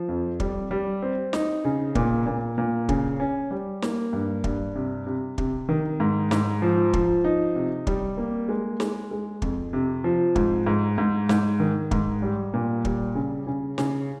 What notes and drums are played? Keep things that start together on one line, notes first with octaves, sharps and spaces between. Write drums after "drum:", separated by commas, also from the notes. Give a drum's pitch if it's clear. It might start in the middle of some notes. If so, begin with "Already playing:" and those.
Already playing: F3
F2
G3, drum: kick
G3
C4
D#4, drum: snare
C#3
A#2, drum: kick
A#2
A#2
C#3, drum: kick
C#4
G3
A#3, drum: snare
G2
G2, drum: kick
C3
C3
C3, drum: kick
D#3
G#2
G#2, drum: snare
F3
F3, drum: kick
D#4
C3
G3, drum: kick
A#3
G#3
G#3, drum: snare
G#3
F2, drum: kick
C3
F3
G#2, drum: kick
G#2
G#2
G#2, drum: snare
D#3
G#2, drum: kick
G3
A#2
G3, drum: kick
C#3
C#3
C#3, drum: snare